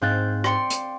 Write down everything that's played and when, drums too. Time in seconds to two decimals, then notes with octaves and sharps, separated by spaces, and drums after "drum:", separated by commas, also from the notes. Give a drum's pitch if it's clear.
0.01 G#2 C4 F5 F#6 G6 A6
0.44 D5 G5 C6 C#7, drum: rim click
0.70 drum: hi-hat